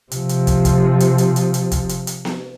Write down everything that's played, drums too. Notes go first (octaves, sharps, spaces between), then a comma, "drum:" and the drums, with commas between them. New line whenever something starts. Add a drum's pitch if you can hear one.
C3 F3, drum: hi-hat
drum: hi-hat
drum: kick, hi-hat
drum: kick, hi-hat
drum: hi-hat
drum: hi-hat
drum: hi-hat
drum: hi-hat
drum: kick, hi-hat
drum: hi-hat
drum: hi-hat
drum: snare B3